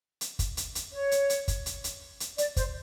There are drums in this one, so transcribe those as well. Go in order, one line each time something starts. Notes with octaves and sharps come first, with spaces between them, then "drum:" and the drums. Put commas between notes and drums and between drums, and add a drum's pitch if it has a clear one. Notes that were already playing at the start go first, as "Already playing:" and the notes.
drum: hi-hat
drum: kick, hi-hat
drum: hi-hat
drum: hi-hat
C#5
drum: hi-hat
drum: hi-hat
drum: kick, hi-hat
drum: hi-hat
drum: hi-hat
drum: hi-hat
D5, drum: hi-hat
C5, drum: kick, hi-hat